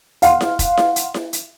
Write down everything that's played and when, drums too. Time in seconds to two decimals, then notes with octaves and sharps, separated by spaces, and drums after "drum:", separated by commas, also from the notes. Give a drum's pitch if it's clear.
0.22 F5 F#5 C6, drum: hi-hat
0.41 drum: snare E4
0.59 drum: kick F1, hi-hat
0.77 drum: snare E4
0.96 drum: hi-hat
1.14 drum: snare E4
1.33 drum: hi-hat